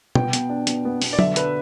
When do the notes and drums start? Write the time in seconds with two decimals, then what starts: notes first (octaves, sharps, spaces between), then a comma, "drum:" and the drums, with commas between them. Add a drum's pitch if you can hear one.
0.15 B3 G5, drum: tom B2
0.33 B2, drum: hi-hat
0.50 D4
0.67 B2, drum: hi-hat
0.85 B3
1.02 B2, drum: open hi-hat
1.13 D5
1.19 D3 E5, drum: tom F#3
1.36 D4 B4, drum: hi-hat